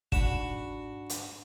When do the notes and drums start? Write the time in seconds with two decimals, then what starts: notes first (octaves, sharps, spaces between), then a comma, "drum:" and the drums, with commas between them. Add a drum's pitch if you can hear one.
0.12 G#2 D4 F#4 B5 E7, drum: kick
1.10 drum: hi-hat